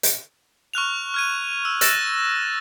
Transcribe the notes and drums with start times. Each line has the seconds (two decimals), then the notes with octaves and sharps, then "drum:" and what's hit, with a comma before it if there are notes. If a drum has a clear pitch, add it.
0.03 drum: hi-hat
0.74 C#6 F6 F#6 F7
1.14 F6 G#6 D#7
1.65 E6
1.81 E6 F#6 A6 A#6 E7, drum: hi-hat